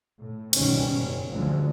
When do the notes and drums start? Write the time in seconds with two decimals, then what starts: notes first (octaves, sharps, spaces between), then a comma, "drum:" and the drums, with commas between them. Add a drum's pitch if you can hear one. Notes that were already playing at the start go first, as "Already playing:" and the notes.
0.18 A2
0.53 C#2 G#2 B2 D#3 G3 C#4, drum: cymbal
0.95 F#1
1.30 D2 D3 F3 F#3 G#3